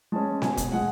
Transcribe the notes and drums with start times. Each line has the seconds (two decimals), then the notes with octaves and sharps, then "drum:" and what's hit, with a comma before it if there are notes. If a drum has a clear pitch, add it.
0.12 G#3 C#4 A5
0.42 B2 G#5, drum: snare C4
0.57 drum: kick F1, hi-hat
0.72 G#3 F#5